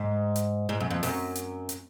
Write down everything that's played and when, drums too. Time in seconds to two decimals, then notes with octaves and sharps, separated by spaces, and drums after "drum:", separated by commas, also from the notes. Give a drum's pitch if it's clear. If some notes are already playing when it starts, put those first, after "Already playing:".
Already playing: G#2
0.36 drum: hi-hat
0.69 G#2
0.80 F#2
0.90 F2
1.03 F#2, drum: open hi-hat
1.35 drum: hi-hat
1.69 drum: hi-hat